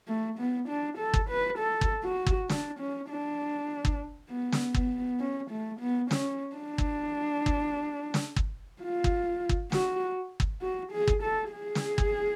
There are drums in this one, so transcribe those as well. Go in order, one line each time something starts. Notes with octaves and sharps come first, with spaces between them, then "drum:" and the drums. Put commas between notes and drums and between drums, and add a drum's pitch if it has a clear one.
A3
B3
D4
A4
drum: kick
B4
A4
drum: kick
F#4
drum: kick
D4, drum: snare
C#4
D4
drum: kick
B3
drum: snare
B3, drum: kick
C#4
A3
B3
C#4, drum: snare
D4
drum: kick
drum: kick
drum: snare
drum: kick
F4
drum: kick
drum: kick
F#4, drum: snare
drum: kick
F#4
G#4
drum: kick
A4
G#4
drum: snare
drum: kick